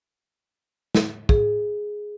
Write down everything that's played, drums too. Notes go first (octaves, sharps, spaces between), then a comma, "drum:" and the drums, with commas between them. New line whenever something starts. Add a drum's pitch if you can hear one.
drum: snare
G#4, drum: kick